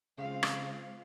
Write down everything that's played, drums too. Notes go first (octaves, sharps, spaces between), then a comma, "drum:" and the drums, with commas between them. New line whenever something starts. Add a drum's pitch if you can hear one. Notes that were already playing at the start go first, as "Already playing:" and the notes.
C#3 G#3 C4 F4 F5
drum: rim click